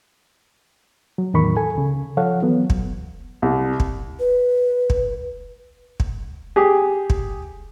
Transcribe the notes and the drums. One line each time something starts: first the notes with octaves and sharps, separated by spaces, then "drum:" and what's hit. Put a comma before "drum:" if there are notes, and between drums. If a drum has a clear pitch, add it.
F#3
E2 A2 D#3 A#4 B5 C#6
A4 G#5
C#2 C#3
F3 A4 C#5 F5 F#5
E3 F#3 B3
drum: kick
C2
drum: kick
B4
drum: kick
drum: kick
G4 G#4
drum: kick